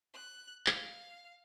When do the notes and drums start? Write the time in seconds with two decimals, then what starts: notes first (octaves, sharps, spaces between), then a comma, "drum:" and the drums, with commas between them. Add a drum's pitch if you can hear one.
0.13 F#6
0.66 F5, drum: clap